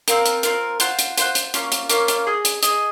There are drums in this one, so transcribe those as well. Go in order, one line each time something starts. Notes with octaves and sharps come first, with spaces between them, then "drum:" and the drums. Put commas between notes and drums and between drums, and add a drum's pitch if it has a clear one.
C4 F4 A#4, drum: hi-hat
drum: hi-hat
C4 F4 A#4, drum: hi-hat
F4 C5 F#5, drum: hi-hat
drum: hi-hat
F4 C5 F#5, drum: hi-hat
drum: hi-hat
A#3 C#4 F4, drum: hi-hat
drum: hi-hat
A#3 C#4 F4, drum: hi-hat
drum: hi-hat
G#4 D#5 G#5
drum: hi-hat
G#4 D#5 G#5, drum: hi-hat